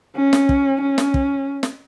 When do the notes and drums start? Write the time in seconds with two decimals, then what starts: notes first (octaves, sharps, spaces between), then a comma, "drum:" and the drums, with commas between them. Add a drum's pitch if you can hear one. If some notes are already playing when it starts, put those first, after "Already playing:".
0.17 C#4
0.33 drum: snare
0.49 drum: kick
0.81 C#4
0.98 drum: snare
1.14 drum: kick
1.63 drum: snare